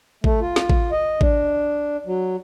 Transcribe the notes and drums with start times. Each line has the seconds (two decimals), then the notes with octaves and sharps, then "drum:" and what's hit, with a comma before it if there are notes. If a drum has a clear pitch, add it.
0.24 A3, drum: kick A1
0.41 F4
0.56 drum: snare
0.70 drum: kick A1
0.91 D#5
1.21 D4, drum: kick A1
2.06 F#3